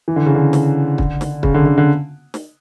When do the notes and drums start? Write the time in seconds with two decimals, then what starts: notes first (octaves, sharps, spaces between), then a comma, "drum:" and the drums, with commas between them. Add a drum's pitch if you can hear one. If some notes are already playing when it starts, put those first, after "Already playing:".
0.08 E3
0.16 D3
0.26 C#3
0.35 D3
0.53 drum: snare
0.98 drum: kick
1.21 drum: snare
1.43 C#3, drum: kick
1.54 D3
1.66 D3
1.78 D3
2.34 drum: snare